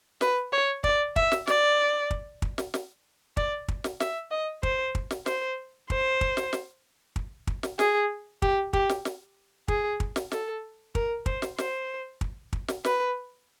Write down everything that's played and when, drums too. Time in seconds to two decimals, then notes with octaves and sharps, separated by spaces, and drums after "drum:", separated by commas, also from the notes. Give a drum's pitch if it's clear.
0.21 B4, drum: snare
0.52 C#5
0.84 D5, drum: kick
1.16 E5, drum: kick
1.32 drum: snare
1.47 D5, drum: snare
2.11 drum: kick
2.42 drum: kick
2.58 drum: snare
2.74 drum: snare
3.37 D5, drum: kick
3.68 drum: kick
3.84 drum: snare
4.00 E5, drum: snare
4.31 D#5
4.63 C5, drum: kick
4.95 drum: kick
5.11 drum: snare
5.26 C5, drum: snare
5.90 C5, drum: kick
6.21 drum: kick
6.37 drum: snare
6.53 drum: snare
7.16 drum: kick
7.47 drum: kick
7.63 drum: snare
7.79 G#4, drum: snare
8.42 G4, drum: kick
8.73 G4, drum: kick
8.89 drum: snare
9.05 drum: snare
9.68 G#4, drum: kick
10.00 drum: kick
10.16 drum: snare
10.32 A4, drum: snare
10.95 A#4, drum: kick
11.26 C5, drum: kick
11.42 drum: snare
11.58 C5, drum: snare
12.21 drum: kick
12.53 drum: kick
12.68 drum: snare
12.85 B4, drum: snare